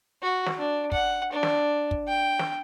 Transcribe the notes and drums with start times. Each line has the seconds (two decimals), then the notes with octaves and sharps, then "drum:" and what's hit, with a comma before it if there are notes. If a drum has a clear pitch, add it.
0.22 F#4
0.46 drum: snare
0.58 D4
0.92 F#5, drum: kick
1.33 D4
1.43 drum: snare
1.91 drum: kick
2.08 G5
2.39 drum: snare